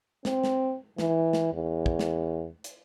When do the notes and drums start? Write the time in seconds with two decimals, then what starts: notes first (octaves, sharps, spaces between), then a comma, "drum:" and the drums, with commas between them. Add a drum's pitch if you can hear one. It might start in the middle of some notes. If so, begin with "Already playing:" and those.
0.25 C4, drum: snare
0.44 drum: snare
0.98 E3, drum: snare
1.33 drum: snare
1.53 E2
1.86 drum: kick
1.99 drum: snare
2.64 drum: hi-hat